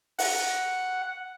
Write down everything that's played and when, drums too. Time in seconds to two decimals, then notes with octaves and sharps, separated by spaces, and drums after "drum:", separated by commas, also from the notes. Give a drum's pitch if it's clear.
0.19 F#5, drum: open hi-hat